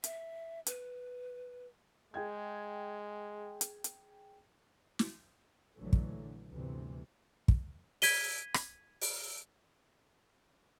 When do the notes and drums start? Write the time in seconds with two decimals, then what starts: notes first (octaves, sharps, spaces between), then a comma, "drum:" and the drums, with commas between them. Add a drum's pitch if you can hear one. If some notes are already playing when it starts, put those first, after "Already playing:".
0.04 E5, drum: hi-hat
0.67 B4, drum: hi-hat
2.14 G#3 G#4 G5 G#6
3.61 drum: hi-hat
3.84 drum: hi-hat
4.99 drum: snare
5.77 A#1 D3 E3 F#3 A3
5.93 drum: kick
6.49 G1 D2 C3 E3
7.48 drum: kick
8.02 G#6 B6 D#7 G7, drum: open hi-hat
8.54 drum: rim click
9.01 drum: open hi-hat